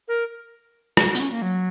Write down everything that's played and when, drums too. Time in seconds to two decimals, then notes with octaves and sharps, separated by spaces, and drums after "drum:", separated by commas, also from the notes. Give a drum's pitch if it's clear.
0.08 A#4
0.97 F#4, drum: rim click
1.09 F#4
1.15 B3, drum: open hi-hat
1.20 C#4
1.31 A#3
1.42 F#3